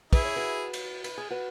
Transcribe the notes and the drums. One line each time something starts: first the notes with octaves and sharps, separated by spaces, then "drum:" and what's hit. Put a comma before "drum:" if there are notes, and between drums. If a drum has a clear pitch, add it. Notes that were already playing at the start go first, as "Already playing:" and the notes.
E4 G#4 B4, drum: kick, cymbal
C#5
F#4 B4
drum: cymbal
B4, drum: cymbal
G#4
F#4 B4